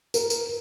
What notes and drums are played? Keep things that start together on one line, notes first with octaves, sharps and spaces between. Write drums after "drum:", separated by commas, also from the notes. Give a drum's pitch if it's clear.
A#4, drum: tambourine
drum: tambourine